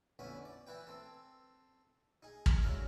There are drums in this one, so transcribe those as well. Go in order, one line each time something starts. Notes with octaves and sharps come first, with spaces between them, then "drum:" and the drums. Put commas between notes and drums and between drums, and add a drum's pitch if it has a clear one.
F2 D3 B3 C#4 E4 B5
D5
E3 E4 B4 G5
C4 A4
D#4 G#4
drum: kick
F#3 G#3 D4 E4 A4 A#4